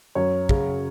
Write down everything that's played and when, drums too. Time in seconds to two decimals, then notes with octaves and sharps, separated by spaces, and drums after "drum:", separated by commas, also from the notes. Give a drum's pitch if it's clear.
0.15 F#2 C#5
0.49 C#3, drum: kick